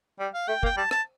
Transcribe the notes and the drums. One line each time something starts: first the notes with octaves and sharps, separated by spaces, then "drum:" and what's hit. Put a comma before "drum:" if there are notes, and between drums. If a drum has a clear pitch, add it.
G3
F5
A3 G5
A#3 G5, drum: kick
G3 A5
A5, drum: rim click